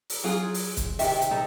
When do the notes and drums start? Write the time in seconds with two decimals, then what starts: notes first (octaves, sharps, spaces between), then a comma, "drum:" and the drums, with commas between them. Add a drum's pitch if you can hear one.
0.10 drum: open hi-hat
0.24 F#3 F4 G#4
0.54 drum: open hi-hat
0.77 drum: kick, hi-hat
0.99 C3 D#3 E5, drum: open hi-hat
1.21 drum: hi-hat
1.31 D#4 A4